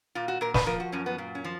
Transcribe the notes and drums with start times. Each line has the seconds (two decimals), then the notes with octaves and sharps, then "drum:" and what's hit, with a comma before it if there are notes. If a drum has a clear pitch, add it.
0.15 A#2 F4
0.28 F#4
0.41 A#2 A#4
0.54 B4, drum: snare
0.66 F3 A#4
0.80 F#4
0.92 F#2 C#4
1.06 B3
1.18 A#2
1.35 C#4
1.45 F3